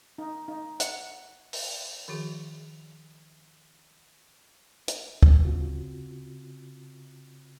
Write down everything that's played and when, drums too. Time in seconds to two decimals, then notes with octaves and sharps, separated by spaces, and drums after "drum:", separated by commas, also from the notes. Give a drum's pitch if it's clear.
0.18 D#4
0.48 D#4
0.80 F#5, drum: hi-hat
1.53 drum: open hi-hat
2.08 D#3 F3 F#4 G#4
4.88 drum: hi-hat
5.23 drum: kick
5.45 C#3 C4 F4 F#4